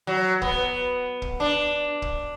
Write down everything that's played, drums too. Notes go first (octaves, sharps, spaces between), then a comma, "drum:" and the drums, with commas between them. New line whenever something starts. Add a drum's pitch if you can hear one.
F#3
B3, drum: kick
drum: kick
D4
drum: kick